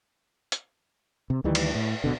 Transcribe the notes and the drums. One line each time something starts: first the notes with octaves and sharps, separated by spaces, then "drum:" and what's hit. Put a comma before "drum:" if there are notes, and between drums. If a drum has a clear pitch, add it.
drum: hi-hat
C3
D2 D#3 E3 G3
drum: cymbal
A2
D1 B2 D3